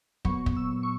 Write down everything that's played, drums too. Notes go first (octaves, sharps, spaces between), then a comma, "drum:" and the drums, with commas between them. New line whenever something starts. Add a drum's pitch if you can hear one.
A#2 F#3 B3 C#6, drum: kick
drum: kick
E6
C#6